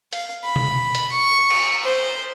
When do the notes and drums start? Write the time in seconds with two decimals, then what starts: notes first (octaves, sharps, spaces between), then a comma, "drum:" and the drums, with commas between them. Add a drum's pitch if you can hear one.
0.13 F5, drum: hi-hat
0.44 B5
0.56 drum: tom B2
0.95 drum: hi-hat
1.12 C#6
1.50 drum: cymbal
1.84 C5